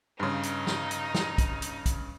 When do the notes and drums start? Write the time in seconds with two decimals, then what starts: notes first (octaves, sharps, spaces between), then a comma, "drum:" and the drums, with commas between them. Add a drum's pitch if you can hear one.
0.20 G2 C#3 D#4
0.43 drum: hi-hat
0.67 drum: snare
0.91 drum: hi-hat
1.15 drum: snare
1.38 drum: kick, hi-hat
1.62 drum: hi-hat
1.86 drum: kick, hi-hat